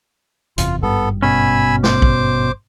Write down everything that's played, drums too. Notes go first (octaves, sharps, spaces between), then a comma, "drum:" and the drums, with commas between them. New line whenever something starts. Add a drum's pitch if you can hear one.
F#1 E2 C3 F4, drum: hi-hat
G#1 G2 G3 B3 A4
B2 C#4 G#5 B5 E6
C5 D6, drum: snare
drum: kick